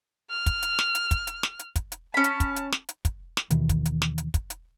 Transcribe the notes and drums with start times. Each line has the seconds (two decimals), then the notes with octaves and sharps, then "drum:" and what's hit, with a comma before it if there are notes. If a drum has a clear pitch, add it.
0.30 F6
0.46 drum: kick, hi-hat
0.62 drum: hi-hat
0.79 drum: snare
0.95 drum: hi-hat
1.11 drum: kick, hi-hat
1.27 drum: hi-hat
1.43 drum: snare
1.59 drum: hi-hat
1.76 drum: kick, hi-hat
1.92 drum: hi-hat
2.14 C#4 A5 B5
2.24 drum: hi-hat
2.40 drum: kick, hi-hat
2.56 drum: hi-hat
2.72 drum: snare
2.89 drum: hi-hat
3.05 drum: kick, hi-hat
3.37 drum: snare
3.50 D#2 B2 D#3 E3, drum: hi-hat
3.69 drum: kick, hi-hat
3.85 drum: hi-hat
4.02 drum: snare
4.18 drum: hi-hat
4.34 drum: kick, hi-hat
4.50 drum: hi-hat